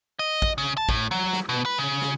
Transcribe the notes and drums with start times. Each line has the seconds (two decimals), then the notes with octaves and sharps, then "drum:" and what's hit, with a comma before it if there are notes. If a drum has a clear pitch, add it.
0.19 D#5
0.42 drum: kick
0.58 C#3
0.77 A5
0.89 A2, drum: kick
1.11 F#3
1.33 drum: snare
1.49 B2
1.65 B4
1.78 C#3
2.02 drum: snare